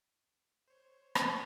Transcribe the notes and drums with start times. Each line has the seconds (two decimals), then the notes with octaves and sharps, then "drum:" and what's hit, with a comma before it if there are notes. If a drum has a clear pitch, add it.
0.68 C5 C#5
1.15 drum: rim click